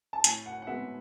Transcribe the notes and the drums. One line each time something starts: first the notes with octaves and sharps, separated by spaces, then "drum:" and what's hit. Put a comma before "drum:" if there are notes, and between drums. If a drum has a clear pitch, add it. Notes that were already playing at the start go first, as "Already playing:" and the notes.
A5
A2 G#5, drum: hi-hat
F#5
F#5
G#3 B3 E5